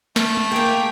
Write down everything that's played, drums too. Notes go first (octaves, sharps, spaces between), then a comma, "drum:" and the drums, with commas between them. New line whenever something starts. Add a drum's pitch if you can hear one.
A3, drum: snare
drum: tom G#3
A#3 G#4 G5